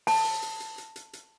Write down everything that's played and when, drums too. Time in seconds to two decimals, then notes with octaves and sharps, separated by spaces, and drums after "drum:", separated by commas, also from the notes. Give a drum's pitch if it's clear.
0.07 A5, drum: open hi-hat
0.25 drum: hi-hat
0.42 drum: hi-hat
0.60 drum: hi-hat
0.78 drum: hi-hat
0.96 drum: hi-hat
1.13 drum: hi-hat